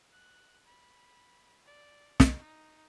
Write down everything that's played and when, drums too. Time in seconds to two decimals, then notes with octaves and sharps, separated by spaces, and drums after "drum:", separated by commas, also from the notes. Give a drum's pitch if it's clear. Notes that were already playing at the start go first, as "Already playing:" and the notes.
0.12 F#6
0.66 B5
1.66 D5
2.20 drum: snare
2.38 D#4